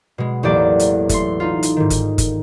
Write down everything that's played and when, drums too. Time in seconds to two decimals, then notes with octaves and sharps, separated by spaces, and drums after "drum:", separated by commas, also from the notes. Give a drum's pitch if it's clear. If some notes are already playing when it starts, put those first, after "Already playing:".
0.18 B2 G#3
0.43 A1 E2 F#3 A#3 G4 D5
0.79 drum: hi-hat
1.09 A3 C6, drum: kick F#1, hi-hat
1.40 D#4 F4
1.63 drum: hi-hat
1.76 G#2 D#3
1.90 drum: kick F#1, hi-hat
2.18 drum: kick F#1, hi-hat